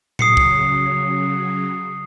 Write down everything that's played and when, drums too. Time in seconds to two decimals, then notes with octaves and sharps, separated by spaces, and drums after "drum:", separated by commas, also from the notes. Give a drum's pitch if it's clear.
0.19 C#3 F#3 D#6 C7 C#7, drum: tom A2
0.37 drum: kick